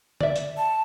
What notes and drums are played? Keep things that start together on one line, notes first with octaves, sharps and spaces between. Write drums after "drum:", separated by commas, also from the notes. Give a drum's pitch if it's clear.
D5 E5, drum: tom D3
drum: hi-hat
A5